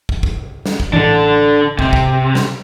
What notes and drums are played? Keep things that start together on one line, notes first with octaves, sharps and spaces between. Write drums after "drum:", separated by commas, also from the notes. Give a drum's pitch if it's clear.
drum: kick
drum: kick
drum: snare
drum: kick
A1 E3 D4 A4
C3, drum: kick
drum: kick
drum: snare